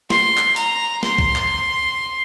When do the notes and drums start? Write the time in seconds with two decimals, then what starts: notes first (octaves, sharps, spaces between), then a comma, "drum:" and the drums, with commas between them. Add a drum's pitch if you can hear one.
0.10 C6, drum: snare
0.38 drum: clap
0.56 A#5, drum: open hi-hat
1.03 C6, drum: snare
1.18 drum: kick
1.36 drum: clap